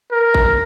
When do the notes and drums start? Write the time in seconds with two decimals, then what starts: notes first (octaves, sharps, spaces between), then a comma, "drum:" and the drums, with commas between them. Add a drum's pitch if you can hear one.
0.12 A#4
0.34 drum: kick A1